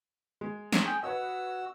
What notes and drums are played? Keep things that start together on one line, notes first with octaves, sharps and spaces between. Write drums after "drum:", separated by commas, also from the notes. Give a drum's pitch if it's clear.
G#3
drum: snare
G#4 G5
F#4 B4 C#5 D#5 E6